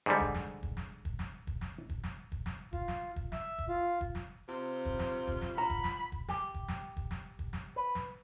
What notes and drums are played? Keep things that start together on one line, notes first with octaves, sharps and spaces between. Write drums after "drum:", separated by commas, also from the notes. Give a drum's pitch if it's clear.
G#2 D3 G3
drum: kick
drum: snare
drum: kick
drum: snare
drum: kick
drum: snare
drum: kick
drum: snare
drum: kick
drum: snare
drum: kick
drum: snare
F4, drum: kick
drum: snare
drum: kick
E5, drum: snare
drum: kick
F4
drum: kick
drum: snare
C3 F4
drum: kick
drum: snare
drum: kick
drum: snare
F#5 A#5 B5
drum: kick
drum: snare
drum: kick
G4, drum: snare
drum: kick
drum: snare
drum: kick
drum: snare
drum: kick
drum: snare
B4
drum: snare